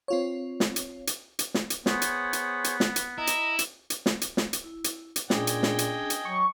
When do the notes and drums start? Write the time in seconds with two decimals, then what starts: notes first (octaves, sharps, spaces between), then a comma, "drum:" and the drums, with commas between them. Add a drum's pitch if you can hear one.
0.08 C4 F4 C#5
0.60 drum: snare
0.76 drum: hi-hat
1.07 drum: hi-hat
1.39 drum: hi-hat
1.54 drum: snare
1.70 drum: hi-hat
1.86 B3 G#4 C5 C#5, drum: snare
2.02 drum: hi-hat
2.33 drum: hi-hat
2.64 drum: hi-hat
2.80 drum: snare
2.96 drum: hi-hat
3.18 E4 D#5 A#5
3.27 drum: hi-hat
3.59 drum: hi-hat
3.90 drum: hi-hat
4.06 drum: snare
4.21 drum: hi-hat
4.37 drum: snare
4.53 drum: hi-hat
4.64 E4
4.84 drum: hi-hat
5.16 drum: hi-hat
5.30 A#2 C#4 D4 G#4 D#5 G5 G#5, drum: snare
5.47 drum: hi-hat
5.63 drum: snare
5.79 drum: hi-hat
6.10 drum: hi-hat
6.25 F#3 C#6